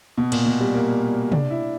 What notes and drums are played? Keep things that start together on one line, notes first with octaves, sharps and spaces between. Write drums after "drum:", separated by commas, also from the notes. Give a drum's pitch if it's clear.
B2
A#2, drum: cymbal
B2
G3
A#3
D4, drum: tom C3
E4